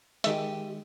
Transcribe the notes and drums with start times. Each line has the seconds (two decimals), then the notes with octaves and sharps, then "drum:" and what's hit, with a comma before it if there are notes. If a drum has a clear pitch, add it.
0.24 D#3 G#3 G4 D#5 E5, drum: hi-hat